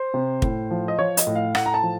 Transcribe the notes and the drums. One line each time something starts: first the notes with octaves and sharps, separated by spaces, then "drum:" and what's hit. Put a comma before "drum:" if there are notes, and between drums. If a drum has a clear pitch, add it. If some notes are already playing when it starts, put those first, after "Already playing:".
Already playing: C5
C3
A2, drum: kick
F3
D#5
F3 C#5
D#5, drum: hi-hat
A2
F5
A2 F#5, drum: rim click
A#5
A5
F3